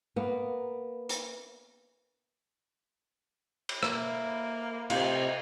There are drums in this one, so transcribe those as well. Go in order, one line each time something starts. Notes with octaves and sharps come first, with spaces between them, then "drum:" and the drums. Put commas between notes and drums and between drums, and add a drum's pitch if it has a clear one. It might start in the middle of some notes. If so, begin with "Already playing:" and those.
A#3 B3
drum: hi-hat
drum: cymbal
A#3 E4, drum: rim click
C3 F4, drum: cymbal